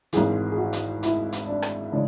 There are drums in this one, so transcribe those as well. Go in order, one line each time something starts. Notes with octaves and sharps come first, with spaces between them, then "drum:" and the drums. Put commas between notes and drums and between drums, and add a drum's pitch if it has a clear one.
G#1 G#2 E3 G#4, drum: hi-hat
G#4
F#4
drum: hi-hat
E4, drum: hi-hat
drum: hi-hat
D4
drum: rim click
C#3 E3 G#3 D4